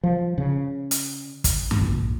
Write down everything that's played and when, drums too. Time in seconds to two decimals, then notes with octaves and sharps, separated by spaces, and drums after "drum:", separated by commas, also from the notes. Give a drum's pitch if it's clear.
0.03 F3
0.38 C#3
0.91 drum: hi-hat
1.44 drum: kick, hi-hat
1.71 drum: tom F#2
1.81 A#1